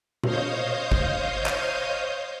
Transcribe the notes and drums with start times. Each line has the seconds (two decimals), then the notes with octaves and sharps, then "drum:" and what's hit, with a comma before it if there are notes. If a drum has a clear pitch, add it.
0.24 C5 C#5 D#5 F5 D#6 G6, drum: tom A#2
0.92 drum: kick G#1
1.46 drum: clap